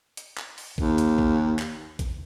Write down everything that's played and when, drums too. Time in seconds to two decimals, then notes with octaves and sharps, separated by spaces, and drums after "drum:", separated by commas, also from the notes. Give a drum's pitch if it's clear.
0.17 drum: hi-hat
0.38 drum: clap
0.58 drum: open hi-hat
0.78 D#2, drum: kick A1
0.98 drum: hi-hat
1.18 drum: kick A1
1.59 drum: clap
1.99 drum: kick A1, hi-hat